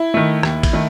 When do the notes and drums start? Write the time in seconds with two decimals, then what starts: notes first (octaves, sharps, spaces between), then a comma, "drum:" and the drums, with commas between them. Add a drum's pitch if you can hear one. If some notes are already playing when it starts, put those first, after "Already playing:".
Already playing: E4
0.14 D#3 A3
0.43 D#2, drum: rim click
0.63 drum: kick A1, cymbal
0.73 D#3 A3